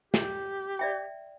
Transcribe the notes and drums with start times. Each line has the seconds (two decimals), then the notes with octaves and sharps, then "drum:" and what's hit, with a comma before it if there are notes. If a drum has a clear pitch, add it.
0.14 G4, drum: snare
0.79 D5 E5 G5